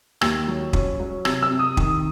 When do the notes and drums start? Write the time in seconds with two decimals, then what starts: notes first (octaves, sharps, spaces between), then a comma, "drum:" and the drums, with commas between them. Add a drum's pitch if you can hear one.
0.21 D#2 E6, drum: rim click
0.48 F#3
0.73 C#4, drum: kick
1.00 F#3
1.25 C3 E6, drum: rim click
1.43 E6
1.51 C3
1.59 D#6
1.77 D#3, drum: kick